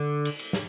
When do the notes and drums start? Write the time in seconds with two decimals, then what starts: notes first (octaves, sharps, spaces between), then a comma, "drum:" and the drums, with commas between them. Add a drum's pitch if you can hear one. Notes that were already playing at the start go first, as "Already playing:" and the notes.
Already playing: D3
0.25 drum: cymbal
0.39 drum: cymbal
0.53 drum: snare